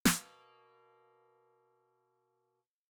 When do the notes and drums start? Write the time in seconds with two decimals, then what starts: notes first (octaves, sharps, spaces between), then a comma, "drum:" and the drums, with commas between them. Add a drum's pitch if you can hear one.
0.05 B2 A#3, drum: snare